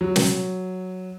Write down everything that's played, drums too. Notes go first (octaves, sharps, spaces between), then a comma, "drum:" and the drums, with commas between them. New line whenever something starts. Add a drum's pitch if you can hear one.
F#3
drum: snare